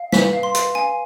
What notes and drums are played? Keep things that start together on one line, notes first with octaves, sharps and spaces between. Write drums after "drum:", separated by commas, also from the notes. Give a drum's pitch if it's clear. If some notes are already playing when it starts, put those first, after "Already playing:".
Already playing: F5
B4 B6, drum: snare
F5
C6
B4, drum: hi-hat
F5 G#5